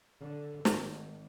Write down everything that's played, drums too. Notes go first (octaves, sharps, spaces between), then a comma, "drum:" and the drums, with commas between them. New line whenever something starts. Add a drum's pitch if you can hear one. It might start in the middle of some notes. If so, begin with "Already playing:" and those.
D3
G#1, drum: snare